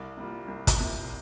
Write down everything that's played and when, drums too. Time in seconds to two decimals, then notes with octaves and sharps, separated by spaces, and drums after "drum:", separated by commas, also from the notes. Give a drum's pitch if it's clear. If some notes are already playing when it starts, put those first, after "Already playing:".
Already playing: C2
0.17 C3 G3 A#3 F4
0.48 C2
0.67 drum: kick, hi-hat
0.77 C3 G3 A#3 F4